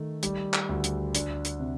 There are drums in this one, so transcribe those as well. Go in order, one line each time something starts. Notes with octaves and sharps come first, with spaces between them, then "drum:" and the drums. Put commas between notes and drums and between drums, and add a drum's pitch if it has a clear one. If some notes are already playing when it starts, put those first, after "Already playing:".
Already playing: D#3 A3
G3, drum: hi-hat
drum: clap
D2
drum: hi-hat
D4, drum: hi-hat
drum: hi-hat
C3